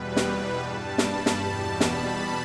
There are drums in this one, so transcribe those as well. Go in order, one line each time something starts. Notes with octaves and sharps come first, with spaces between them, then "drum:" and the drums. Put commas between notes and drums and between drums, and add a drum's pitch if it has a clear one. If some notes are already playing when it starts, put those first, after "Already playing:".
Already playing: E2 B2 G3 B4
drum: snare
G2 G3 A5
B5, drum: snare
drum: snare
E2 B2 G3 A5
B5, drum: snare